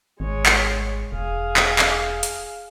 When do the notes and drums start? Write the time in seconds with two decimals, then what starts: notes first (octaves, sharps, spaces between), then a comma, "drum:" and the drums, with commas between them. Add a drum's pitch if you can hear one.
0.20 G#1 G#3 C#5
0.46 drum: clap
1.12 E1 G#4 F5
1.57 drum: clap
1.79 drum: clap
2.23 drum: hi-hat